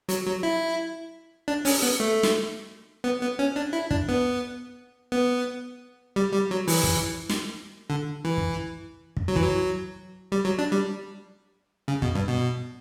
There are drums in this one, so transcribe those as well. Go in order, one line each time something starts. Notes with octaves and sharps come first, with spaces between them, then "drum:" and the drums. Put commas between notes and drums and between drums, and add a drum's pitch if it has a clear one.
F#3, drum: hi-hat
F#3
E4
D4
C#4, drum: open hi-hat
B3
A3
drum: snare
B3
B3
C#4
D4
E4
D4, drum: kick
B3
B3
G3
G3
F#3
E3, drum: open hi-hat
drum: kick
drum: snare
D3
E3
drum: kick
drum: kick
F#3
E3, drum: kick
F#3
G3
F#3
D4
G3
C#3
B2, drum: kick
G2
B2